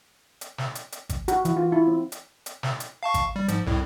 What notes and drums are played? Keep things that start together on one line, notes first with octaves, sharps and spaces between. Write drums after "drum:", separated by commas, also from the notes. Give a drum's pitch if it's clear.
drum: hi-hat
drum: snare
drum: hi-hat
drum: hi-hat
drum: kick G#1, hi-hat
F#4, drum: hi-hat
E3, drum: hi-hat
F4
E4
C4
drum: hi-hat
drum: hi-hat
drum: snare
drum: hi-hat
F5 A5 C#6
drum: kick G#1, hi-hat
G3
G#2 F3, drum: hi-hat
C2 F2 A2